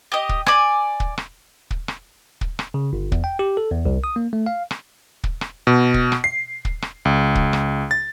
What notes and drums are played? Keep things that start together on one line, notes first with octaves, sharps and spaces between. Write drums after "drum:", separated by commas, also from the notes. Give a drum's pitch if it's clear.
G4 D#5
drum: kick
D5 G#5, drum: rim click
drum: kick
drum: rim click
drum: kick
drum: rim click
drum: kick
drum: rim click
C#3
G1
E2, drum: kick
G5
G4
A4
E2
C2
D#6
A#3
A3
F5
drum: rim click
drum: kick
drum: rim click
B2
drum: kick
drum: rim click
C7
drum: kick
drum: rim click
C#2
drum: kick
drum: rim click
A6